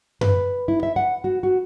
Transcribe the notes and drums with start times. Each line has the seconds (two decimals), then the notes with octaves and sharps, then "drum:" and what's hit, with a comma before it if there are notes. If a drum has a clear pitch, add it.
0.21 B4, drum: tom F#2
0.68 E4
0.83 E5
0.96 F#5
1.24 F#4
1.43 F#4